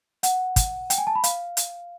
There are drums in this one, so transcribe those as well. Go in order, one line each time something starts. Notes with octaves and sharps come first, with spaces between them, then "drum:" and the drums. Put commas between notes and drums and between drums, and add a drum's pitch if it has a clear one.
F#5, drum: hi-hat
drum: kick, hi-hat
G5, drum: hi-hat
G#5
A5
B5
F5, drum: hi-hat
drum: hi-hat